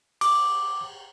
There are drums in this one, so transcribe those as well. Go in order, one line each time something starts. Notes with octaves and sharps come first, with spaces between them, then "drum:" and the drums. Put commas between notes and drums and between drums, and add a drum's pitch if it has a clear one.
D6, drum: cymbal